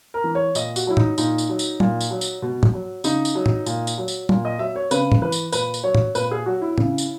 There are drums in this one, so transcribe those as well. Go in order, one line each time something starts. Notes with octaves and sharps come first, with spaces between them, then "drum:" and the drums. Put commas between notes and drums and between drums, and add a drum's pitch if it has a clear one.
A#4
E3
C#5
A#2 D#5, drum: tambourine
F#4, drum: tambourine
F#3 E4
D#4, drum: tom G#2
A#2 D#4, drum: tambourine
drum: tambourine
F#3
drum: tambourine
A#2, drum: tom F#3
drum: tambourine
F#3
drum: tambourine
B2
drum: tom G#2
F#3
C#3 D#4, drum: tambourine
drum: tambourine
F#3
drum: tom G#2
A#2, drum: tambourine
drum: tambourine
F#3
drum: tambourine
A#2, drum: tom F#3
D#5
F#3 E5
C#5
C#3 B4, drum: tambourine
drum: tom G#2
E3 B4
drum: tambourine
A#2 B4, drum: tambourine
drum: tambourine
F#3 C#5
drum: tom G#2
A#2 B4, drum: tambourine
G#4
F#3 F#4
E4
C#3, drum: tom G#2
drum: tambourine